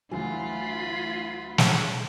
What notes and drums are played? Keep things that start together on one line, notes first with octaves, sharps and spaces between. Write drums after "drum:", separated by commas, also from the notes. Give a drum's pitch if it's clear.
D2 E3 F#3 F4 G#5 B5
drum: snare